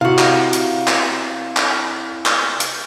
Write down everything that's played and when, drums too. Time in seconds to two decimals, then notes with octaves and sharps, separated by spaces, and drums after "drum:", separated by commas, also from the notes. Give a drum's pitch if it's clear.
0.01 C3 E4 F#4 F5
0.18 drum: clap
0.53 drum: hi-hat
0.88 drum: clap
1.57 drum: clap
2.26 drum: clap
2.60 drum: hi-hat